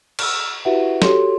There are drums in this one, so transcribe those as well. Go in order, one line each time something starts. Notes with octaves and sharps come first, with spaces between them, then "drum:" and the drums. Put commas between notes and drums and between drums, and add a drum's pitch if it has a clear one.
E6 F6, drum: cymbal
E4 F#4 G4 B4 E5 F#5
F#4 G4 A4 C#5 C6, drum: snare